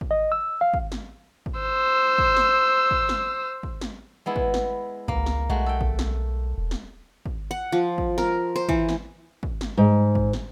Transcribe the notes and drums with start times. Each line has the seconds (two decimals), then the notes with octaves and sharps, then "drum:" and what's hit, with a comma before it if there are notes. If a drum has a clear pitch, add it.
0.01 drum: kick
0.11 D#5
0.32 E6
0.61 F5
0.74 drum: kick
0.92 drum: snare
1.46 drum: kick
1.60 C5 E6
2.18 drum: kick
2.37 drum: snare
2.91 drum: kick
3.09 drum: snare
3.63 drum: kick
3.81 drum: snare
4.26 G#3 B3 E4
4.36 drum: kick
4.54 drum: snare
5.08 C#2 A#3, drum: kick
5.26 drum: snare
5.50 B1 G#3 A3 F#4
5.66 A4 G5
5.81 drum: kick
5.99 drum: snare
6.58 E1
6.71 drum: snare
7.26 drum: kick
7.51 F#5
7.72 F3
7.98 drum: kick
8.18 A#4, drum: snare
8.56 C5
8.69 E3, drum: kick
8.89 drum: snare
9.43 drum: kick
9.61 drum: snare
9.77 G#2
10.15 drum: kick
10.33 drum: snare